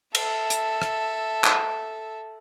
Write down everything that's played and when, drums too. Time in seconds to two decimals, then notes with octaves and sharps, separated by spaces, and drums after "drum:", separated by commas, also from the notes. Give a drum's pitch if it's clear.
0.15 A4 E5, drum: cymbal
0.50 drum: hi-hat
0.82 drum: rim click
1.44 drum: clap